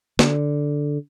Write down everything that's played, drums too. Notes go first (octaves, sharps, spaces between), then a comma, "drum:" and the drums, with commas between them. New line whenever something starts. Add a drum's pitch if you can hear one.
D3, drum: snare